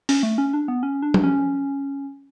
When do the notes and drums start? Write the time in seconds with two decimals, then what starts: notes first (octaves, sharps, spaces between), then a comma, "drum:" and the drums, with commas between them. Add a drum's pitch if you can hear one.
0.09 C#4, drum: open hi-hat
0.23 A3
0.38 C#4
0.53 D4
0.68 B3
0.83 C#4
1.03 D4
1.14 drum: tom F3
1.24 C#4